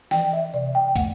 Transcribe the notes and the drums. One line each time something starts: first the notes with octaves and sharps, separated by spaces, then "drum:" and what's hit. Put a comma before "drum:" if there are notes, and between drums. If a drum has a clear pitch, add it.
E3 G5, drum: snare
E5
C3 D5
G5
A3 F#5, drum: kick, hi-hat